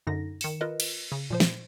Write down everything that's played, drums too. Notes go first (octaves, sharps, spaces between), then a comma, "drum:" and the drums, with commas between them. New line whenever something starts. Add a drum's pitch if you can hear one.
F#2 D3 D#4 A#6
D#3 C#7 E7, drum: open hi-hat
F4 A#4 B4 D#5
drum: cymbal
C#3
A#2 F3 C5
drum: snare